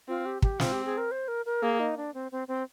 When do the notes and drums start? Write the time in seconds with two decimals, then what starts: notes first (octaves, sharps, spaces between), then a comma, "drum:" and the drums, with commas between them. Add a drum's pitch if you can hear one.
0.08 C4 F4
0.26 G4
0.42 G4, drum: kick
0.60 C4 F4, drum: snare
0.72 G4
0.85 G#4
0.98 A#4
1.11 C5
1.28 A#4
1.46 A#4
1.63 A#3 G#4
1.80 D#4
1.97 D4
2.14 C4
2.32 C4
2.48 C4